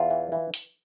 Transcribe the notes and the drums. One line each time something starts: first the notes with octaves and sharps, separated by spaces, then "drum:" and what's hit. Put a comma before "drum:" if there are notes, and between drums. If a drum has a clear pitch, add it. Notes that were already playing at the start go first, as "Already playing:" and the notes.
Already playing: E2 F4
E3
E3
drum: open hi-hat